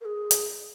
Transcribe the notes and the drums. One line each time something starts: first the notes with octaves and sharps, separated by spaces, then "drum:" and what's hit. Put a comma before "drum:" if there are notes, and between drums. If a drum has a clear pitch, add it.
A#4
G#4
drum: hi-hat